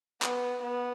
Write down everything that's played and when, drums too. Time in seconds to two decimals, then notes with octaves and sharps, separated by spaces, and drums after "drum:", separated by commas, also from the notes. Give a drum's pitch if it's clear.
0.22 B3, drum: clap
0.63 B3